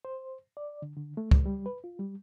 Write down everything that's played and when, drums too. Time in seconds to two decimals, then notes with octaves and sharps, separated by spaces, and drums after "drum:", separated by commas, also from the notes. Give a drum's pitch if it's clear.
0.05 C5
0.57 D5
0.82 D3
0.96 D3
1.17 A3
1.31 G#3, drum: kick C#2
1.46 G3
1.66 B4
1.84 F4
1.99 G3